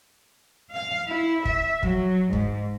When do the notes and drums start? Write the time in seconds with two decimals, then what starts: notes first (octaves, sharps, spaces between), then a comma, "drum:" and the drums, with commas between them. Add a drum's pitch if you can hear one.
0.71 F5
1.07 E4
1.45 E5, drum: kick
1.83 F#3, drum: kick
2.33 G#2, drum: kick